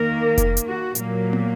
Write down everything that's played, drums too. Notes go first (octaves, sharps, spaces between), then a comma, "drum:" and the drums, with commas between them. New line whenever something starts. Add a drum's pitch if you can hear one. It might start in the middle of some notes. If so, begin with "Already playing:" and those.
Already playing: D#3 A#3 A#4
drum: kick F1, hi-hat
drum: hi-hat
F#4
A#2 F#3 A#3, drum: hi-hat
drum: tom